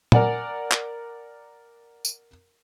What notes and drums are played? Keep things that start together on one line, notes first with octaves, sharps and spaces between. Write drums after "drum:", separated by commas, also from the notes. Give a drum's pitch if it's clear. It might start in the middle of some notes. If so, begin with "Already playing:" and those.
A#4 D5 F#5 G#5, drum: tom A#2
drum: clap
drum: tambourine